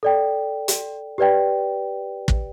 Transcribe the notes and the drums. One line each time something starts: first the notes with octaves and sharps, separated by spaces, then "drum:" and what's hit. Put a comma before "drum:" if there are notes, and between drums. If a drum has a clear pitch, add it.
A4 D5 G5
drum: hi-hat
G4 B4 D5 G5
drum: kick